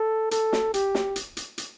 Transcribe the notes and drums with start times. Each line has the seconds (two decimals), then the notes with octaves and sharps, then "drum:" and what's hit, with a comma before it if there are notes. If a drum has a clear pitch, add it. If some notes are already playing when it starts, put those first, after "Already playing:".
Already playing: A4
0.31 A4, drum: hi-hat
0.53 drum: snare
0.74 G4, drum: hi-hat
0.95 drum: snare
1.16 drum: hi-hat
1.37 drum: hi-hat
1.58 drum: hi-hat